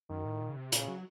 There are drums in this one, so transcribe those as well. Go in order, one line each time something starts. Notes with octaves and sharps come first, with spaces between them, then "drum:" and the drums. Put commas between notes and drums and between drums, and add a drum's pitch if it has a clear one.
F#2 D#3
A2
A#2
C#3
C3
A#2 C#3, drum: hi-hat
F#3